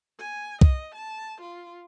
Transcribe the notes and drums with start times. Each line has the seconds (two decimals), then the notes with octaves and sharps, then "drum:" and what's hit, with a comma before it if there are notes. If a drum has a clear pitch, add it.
0.19 G#5
0.61 D#5, drum: kick
0.95 A5
1.41 F4